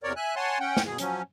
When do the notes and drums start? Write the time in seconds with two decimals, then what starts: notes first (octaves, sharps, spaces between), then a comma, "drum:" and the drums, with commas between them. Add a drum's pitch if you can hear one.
0.03 E2 C3 A#4 C#5 D5
0.16 E5 G#5 F#6
0.36 C#5 F#5 G#5 A5 C6
0.60 C#4 F#5 G5
0.77 drum: snare
0.86 B2 G#4
0.98 F3 F#3 C#4, drum: hi-hat